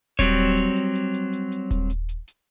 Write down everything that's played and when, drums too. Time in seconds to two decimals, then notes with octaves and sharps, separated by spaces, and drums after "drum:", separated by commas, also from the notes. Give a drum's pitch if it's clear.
0.19 F#3 G3 C4 C#5, drum: kick D#1, hi-hat
0.38 drum: hi-hat
0.57 drum: hi-hat
0.76 drum: hi-hat
0.95 drum: hi-hat
1.14 drum: hi-hat
1.33 drum: hi-hat
1.52 drum: hi-hat
1.71 drum: kick D#1, hi-hat
1.90 drum: hi-hat
2.09 drum: hi-hat
2.28 drum: hi-hat